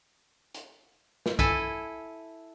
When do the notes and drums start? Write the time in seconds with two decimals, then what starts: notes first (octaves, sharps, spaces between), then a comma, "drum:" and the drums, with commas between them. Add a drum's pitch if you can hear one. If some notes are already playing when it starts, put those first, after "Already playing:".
0.54 drum: hi-hat
1.26 drum: snare
1.39 E4 A4 G#5, drum: kick